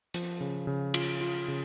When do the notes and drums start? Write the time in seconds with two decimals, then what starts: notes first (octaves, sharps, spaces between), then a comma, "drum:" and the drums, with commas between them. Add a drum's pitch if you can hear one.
0.14 F3, drum: hi-hat
0.40 C#3
0.67 C#3
0.94 F4, drum: cymbal
1.21 F4
1.48 C#3